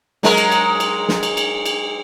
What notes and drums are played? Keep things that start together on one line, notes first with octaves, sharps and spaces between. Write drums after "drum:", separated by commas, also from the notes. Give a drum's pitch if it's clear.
F#3 G#3 A#4, drum: snare
drum: cymbal
drum: cymbal
drum: cymbal
drum: snare
drum: cymbal
drum: cymbal
drum: cymbal